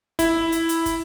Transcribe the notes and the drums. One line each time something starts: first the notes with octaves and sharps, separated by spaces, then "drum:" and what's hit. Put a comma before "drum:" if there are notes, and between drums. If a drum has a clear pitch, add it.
E4, drum: kick, hi-hat
drum: hi-hat
drum: hi-hat
drum: kick, hi-hat